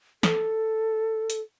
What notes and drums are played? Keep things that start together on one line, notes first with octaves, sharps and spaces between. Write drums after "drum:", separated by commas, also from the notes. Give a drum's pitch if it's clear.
A4, drum: snare
drum: hi-hat